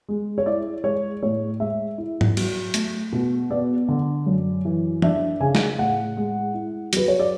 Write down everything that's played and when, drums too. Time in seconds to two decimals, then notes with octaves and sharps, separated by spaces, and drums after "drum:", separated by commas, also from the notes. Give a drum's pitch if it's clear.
0.09 G#3
0.38 C#5
0.46 E4 D5
0.84 G#3 C#5
1.23 A2 C#5
1.60 G#3 E5
1.98 E4
2.21 drum: tom G#2
2.37 F#3, drum: cymbal
2.74 A3, drum: hi-hat
3.13 B2
3.50 B3 D5
3.88 D3
4.26 F#2
4.65 E3
5.02 D4 E5, drum: tom E3
5.40 C#3 G#5
5.55 drum: snare
5.79 A2 F#5
6.17 G#3
6.54 E4
6.93 F#3 B4, drum: hi-hat
7.08 C#5
7.20 D5